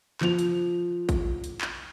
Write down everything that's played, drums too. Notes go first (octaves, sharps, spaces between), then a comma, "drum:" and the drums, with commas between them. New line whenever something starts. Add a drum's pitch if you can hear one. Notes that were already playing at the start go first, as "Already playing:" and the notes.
F3 F7, drum: clap
drum: hi-hat
drum: kick, hi-hat
drum: hi-hat
drum: clap